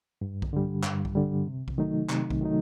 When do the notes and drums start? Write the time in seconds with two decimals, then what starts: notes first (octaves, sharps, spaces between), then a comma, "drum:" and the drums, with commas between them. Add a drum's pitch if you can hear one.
0.21 G2
0.42 drum: kick B1
0.53 D3 G3
0.83 G2, drum: clap
1.05 drum: kick B1
1.15 D3 G3
1.47 C3
1.68 drum: kick B1
1.78 D#3 F#3 A3 D#4
2.09 C3, drum: clap
2.30 drum: kick B1
2.41 D#3 F#3 A3 D#4